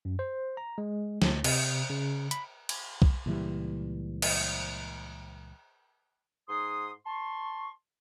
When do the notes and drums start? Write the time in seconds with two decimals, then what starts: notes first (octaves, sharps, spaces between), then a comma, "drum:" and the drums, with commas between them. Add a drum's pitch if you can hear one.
0.05 F#2
0.19 C5
0.57 A#5
0.78 G#3
1.22 D2, drum: snare
1.44 C3, drum: cymbal
1.90 C#3
2.31 B5, drum: hi-hat
2.69 drum: cymbal
3.02 drum: kick B1
3.26 C#2 A#2 E3 G3
4.22 drum: cymbal
6.49 G#2 C6 D#6
7.06 A5 C6 C#6